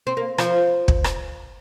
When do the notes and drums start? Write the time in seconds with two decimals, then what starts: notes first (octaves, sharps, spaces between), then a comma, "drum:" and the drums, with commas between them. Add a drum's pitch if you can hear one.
0.07 C4
0.17 A#3
0.38 F3, drum: rim click
0.88 drum: kick
1.04 drum: rim click